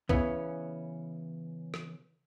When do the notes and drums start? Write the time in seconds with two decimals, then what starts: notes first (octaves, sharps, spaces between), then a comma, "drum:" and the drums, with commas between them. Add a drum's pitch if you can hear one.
0.09 C#3 E3 B3 C#4, drum: kick B1
1.74 drum: rim click